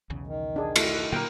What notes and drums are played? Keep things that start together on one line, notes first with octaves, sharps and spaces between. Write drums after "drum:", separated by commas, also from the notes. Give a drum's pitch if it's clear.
B1 E2 C#3
D#3
D4 G#4
A3, drum: cymbal
A#2 D3 F#3 A#3 A#4 G5